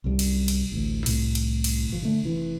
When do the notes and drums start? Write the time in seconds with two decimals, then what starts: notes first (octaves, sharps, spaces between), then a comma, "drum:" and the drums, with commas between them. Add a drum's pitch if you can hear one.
0.04 C2 F#2 G3
0.19 drum: cymbal
0.48 drum: cymbal
0.72 A1 D2
1.06 C2 A2, drum: cymbal
1.35 drum: cymbal
1.64 drum: cymbal
1.89 G1 F3
2.03 D3 A3
2.23 F1 E3